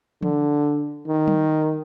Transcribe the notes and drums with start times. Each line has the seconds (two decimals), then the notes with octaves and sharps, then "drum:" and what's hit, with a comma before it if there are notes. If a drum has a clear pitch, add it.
0.23 D3, drum: tom E3
1.07 D#3
1.27 drum: tom F#3